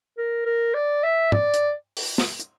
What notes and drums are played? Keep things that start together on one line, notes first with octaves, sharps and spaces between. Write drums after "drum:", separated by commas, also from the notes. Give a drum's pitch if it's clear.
A#4
A#4
D5
E5
D5, drum: tom
drum: hi-hat
drum: open hi-hat
drum: snare
drum: hi-hat